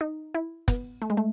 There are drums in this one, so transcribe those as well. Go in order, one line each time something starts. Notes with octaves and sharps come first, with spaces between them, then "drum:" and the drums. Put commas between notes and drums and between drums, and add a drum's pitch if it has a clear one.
D#4
E4
B3, drum: kick, hi-hat
A3
G#3
A3